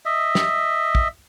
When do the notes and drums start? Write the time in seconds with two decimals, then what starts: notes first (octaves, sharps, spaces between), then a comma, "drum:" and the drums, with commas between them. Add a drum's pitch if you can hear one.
0.06 D#5 E5
0.35 drum: snare
0.95 drum: kick